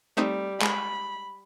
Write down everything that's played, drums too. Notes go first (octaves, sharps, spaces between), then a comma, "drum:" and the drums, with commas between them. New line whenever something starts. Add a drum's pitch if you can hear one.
G3 A3 C4 D#4
G#3 B5, drum: clap